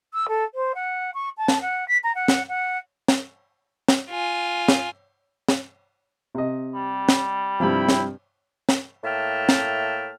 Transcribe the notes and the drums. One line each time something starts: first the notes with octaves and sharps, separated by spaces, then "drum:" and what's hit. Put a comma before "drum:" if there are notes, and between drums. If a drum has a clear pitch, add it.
E6
A4
C5
F#5
C#6
A5
drum: snare
F#5
B6
A#5
F#5
drum: snare
F#5
drum: snare
drum: snare
F4 G#5
drum: snare
drum: snare
C3 D#5
G3
drum: snare
G2 C3 F3 E4 G5 B5
drum: snare
drum: snare
A2 A#3 E5 G5 A5 F6
drum: snare